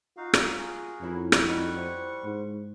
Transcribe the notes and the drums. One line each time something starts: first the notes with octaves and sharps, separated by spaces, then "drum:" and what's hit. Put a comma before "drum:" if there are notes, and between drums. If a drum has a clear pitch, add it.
D#4 F4 F#4 F5
drum: rim click
F#4 G#4 A#4
F2 E3 C#4 E4
drum: rim click
G3 D#4 F#5 C#6
E4 F#4 C5
G#2